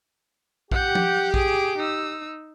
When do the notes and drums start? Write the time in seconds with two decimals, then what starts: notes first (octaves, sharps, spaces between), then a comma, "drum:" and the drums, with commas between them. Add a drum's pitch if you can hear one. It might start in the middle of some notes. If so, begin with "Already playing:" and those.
0.71 G4 F#5 G6, drum: kick A#1
0.95 drum: tom F3
1.34 G#4 D7, drum: kick A#1
1.78 D#4 E6